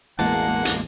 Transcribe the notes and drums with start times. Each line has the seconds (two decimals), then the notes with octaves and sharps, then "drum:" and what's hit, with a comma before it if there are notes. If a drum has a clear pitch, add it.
0.19 A1 E2 B2 G#3 A#3 F#5 A5
0.65 drum: hi-hat